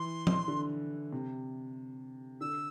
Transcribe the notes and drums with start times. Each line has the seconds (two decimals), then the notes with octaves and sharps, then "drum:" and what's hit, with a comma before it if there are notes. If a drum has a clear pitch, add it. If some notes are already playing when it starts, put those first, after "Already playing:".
Already playing: E3 C6
0.27 drum: tom F3
0.48 D3
1.13 C3
2.41 D3 E6